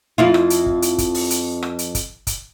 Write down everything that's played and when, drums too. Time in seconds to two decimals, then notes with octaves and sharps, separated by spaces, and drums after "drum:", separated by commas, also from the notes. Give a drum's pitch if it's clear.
0.18 F2 E4 F4
0.34 drum: rim click
0.50 drum: hi-hat
0.66 drum: kick
0.82 drum: hi-hat
0.98 drum: kick, hi-hat
1.14 drum: open hi-hat
1.30 drum: hi-hat
1.63 drum: rim click
1.79 drum: hi-hat
1.95 drum: kick, hi-hat
2.27 drum: kick, hi-hat